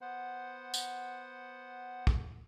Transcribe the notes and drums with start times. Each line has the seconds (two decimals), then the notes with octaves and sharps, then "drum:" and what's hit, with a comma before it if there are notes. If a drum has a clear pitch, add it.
0.01 B3 C5 F#5
0.74 drum: tambourine
2.07 drum: kick